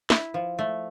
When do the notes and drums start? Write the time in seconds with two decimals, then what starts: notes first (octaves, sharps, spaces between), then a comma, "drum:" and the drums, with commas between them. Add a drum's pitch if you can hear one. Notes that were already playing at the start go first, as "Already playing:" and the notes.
0.10 E4, drum: snare
0.34 F3
0.59 A3